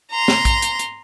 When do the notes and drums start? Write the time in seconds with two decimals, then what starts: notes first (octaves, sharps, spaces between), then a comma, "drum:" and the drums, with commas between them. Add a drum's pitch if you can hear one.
0.11 A#5 C6
0.28 drum: snare
0.45 drum: kick A#1, hi-hat
0.62 drum: hi-hat
0.79 drum: hi-hat